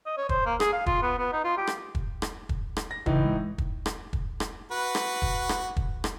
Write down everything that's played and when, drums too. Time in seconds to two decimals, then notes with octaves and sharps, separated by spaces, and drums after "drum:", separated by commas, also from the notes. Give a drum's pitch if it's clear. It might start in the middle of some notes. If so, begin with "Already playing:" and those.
0.06 D#5
0.17 C#5
0.29 C5, drum: kick
0.46 A#3
0.60 G#4, drum: rim click
0.73 F5
0.86 F4, drum: kick
1.02 B3
1.18 B3
1.33 D#4
1.44 F4
1.57 G4
1.67 drum: rim click
1.95 drum: kick
2.22 drum: rim click
2.49 drum: kick
2.77 drum: rim click
2.91 A#6
3.06 A2 C#3 E3 D#4, drum: kick
3.23 G#3
3.58 drum: kick
3.86 drum: rim click
4.13 drum: kick
4.40 drum: rim click
4.71 F#4 B4
4.95 drum: rim click
5.22 drum: kick
5.49 drum: rim click
5.77 drum: kick
6.04 drum: rim click